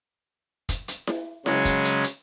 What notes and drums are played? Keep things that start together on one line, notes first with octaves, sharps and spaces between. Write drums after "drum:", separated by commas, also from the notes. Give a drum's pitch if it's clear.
drum: kick, hi-hat
drum: hi-hat
drum: snare E4
C#3 F#3 G#3 C#4, drum: snare E4
drum: kick, hi-hat
drum: hi-hat
drum: hi-hat